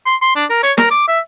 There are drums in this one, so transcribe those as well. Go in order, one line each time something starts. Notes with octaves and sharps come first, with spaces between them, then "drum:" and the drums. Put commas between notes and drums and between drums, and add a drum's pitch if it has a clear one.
C6
C6
D4
A#4
C#5, drum: hi-hat
A#4, drum: snare
D6
E5